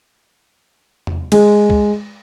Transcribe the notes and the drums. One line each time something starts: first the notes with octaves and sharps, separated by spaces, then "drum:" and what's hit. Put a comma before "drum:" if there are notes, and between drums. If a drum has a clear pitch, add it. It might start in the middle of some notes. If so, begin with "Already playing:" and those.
drum: tom E2
G#3, drum: cymbal
drum: kick C2